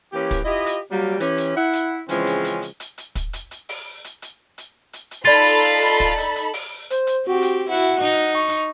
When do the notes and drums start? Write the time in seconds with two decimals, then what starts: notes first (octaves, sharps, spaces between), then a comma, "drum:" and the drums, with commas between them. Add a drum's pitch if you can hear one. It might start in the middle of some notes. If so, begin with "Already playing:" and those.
0.13 E3 A#3 C#4 G4
0.31 drum: kick, hi-hat
0.45 E4 F4 G4 D#5
0.66 drum: hi-hat
0.91 F#3 G3 A#3
1.20 E3 C#4 G4, drum: hi-hat
1.38 drum: hi-hat
1.56 E4 F#5
1.73 drum: hi-hat
2.09 C#3 E3 F3 G#3 C4 C#4, drum: hi-hat
2.27 drum: hi-hat
2.44 drum: hi-hat
2.62 drum: hi-hat
2.80 drum: hi-hat
2.98 drum: hi-hat
3.15 drum: kick, hi-hat
3.33 drum: hi-hat
3.51 drum: hi-hat
3.69 drum: open hi-hat
4.04 drum: hi-hat
4.22 drum: hi-hat
4.58 drum: hi-hat
4.93 drum: hi-hat
5.11 drum: hi-hat
5.25 D#4 F4 A4 D5 B5 A6
5.47 drum: hi-hat
5.64 drum: hi-hat
5.82 drum: hi-hat
6.00 drum: kick, hi-hat
6.18 drum: hi-hat
6.36 drum: hi-hat
6.53 drum: open hi-hat
6.90 C5, drum: hi-hat
7.07 drum: hi-hat
7.27 C4 F#4 G4
7.42 drum: hi-hat
7.69 E4 F#4 F#5
8.01 D#4
8.13 drum: hi-hat
8.35 C#6
8.49 drum: hi-hat